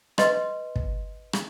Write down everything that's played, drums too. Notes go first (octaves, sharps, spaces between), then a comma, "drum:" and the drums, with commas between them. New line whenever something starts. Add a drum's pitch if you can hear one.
B4 D#5 C6, drum: rim click
drum: kick
drum: rim click